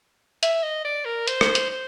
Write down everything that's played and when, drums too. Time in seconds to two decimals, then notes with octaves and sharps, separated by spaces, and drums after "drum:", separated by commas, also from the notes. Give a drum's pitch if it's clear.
0.43 E5, drum: hi-hat
0.63 D#5
0.85 D5
1.05 A#4
1.28 C5, drum: hi-hat
1.41 drum: rim click
1.55 drum: hi-hat
1.70 C5